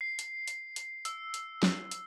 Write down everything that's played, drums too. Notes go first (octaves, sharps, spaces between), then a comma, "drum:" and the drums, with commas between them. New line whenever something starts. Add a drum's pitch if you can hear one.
C7
drum: hi-hat
drum: hi-hat
drum: hi-hat
E6, drum: hi-hat
drum: hi-hat
drum: snare
drum: hi-hat